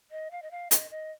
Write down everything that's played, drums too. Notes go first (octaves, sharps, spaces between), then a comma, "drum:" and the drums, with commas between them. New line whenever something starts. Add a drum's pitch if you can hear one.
D#5
F5
D#5
F5
D#5, drum: hi-hat
D#5